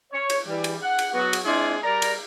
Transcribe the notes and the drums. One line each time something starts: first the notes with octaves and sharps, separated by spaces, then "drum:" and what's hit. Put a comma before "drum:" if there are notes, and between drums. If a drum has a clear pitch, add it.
C#5
drum: cymbal
E3 G3
drum: cymbal
F#5
drum: cymbal
F#3 B3 F#4
drum: cymbal
G#3 C4 D4 E4 F4 G#4
G3 A#4 D5 A#5
drum: cymbal